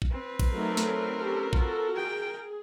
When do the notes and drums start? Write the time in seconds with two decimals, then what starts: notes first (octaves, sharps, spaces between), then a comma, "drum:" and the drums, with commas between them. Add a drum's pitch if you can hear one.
0.02 drum: kick A1
0.11 C4 B4
0.39 drum: kick A1, cymbal
0.52 F#3 A3 D#4 A#4
0.77 drum: snare
1.21 C#4 G4 A4
1.53 F4 F#4 A4, drum: kick A1
1.96 G#4 G5